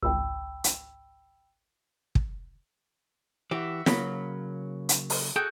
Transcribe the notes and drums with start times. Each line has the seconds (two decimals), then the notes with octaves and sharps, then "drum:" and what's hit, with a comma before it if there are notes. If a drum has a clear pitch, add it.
0.03 G#1 C#2 G5 B5 E6
0.64 drum: hi-hat
2.15 drum: kick
3.51 E3 F#4 G4 E5
3.86 C#3 F#3 A#3 B5, drum: snare
4.89 drum: hi-hat
5.10 drum: open hi-hat
5.36 D#4 F#4 G#4 A4 G5 F#6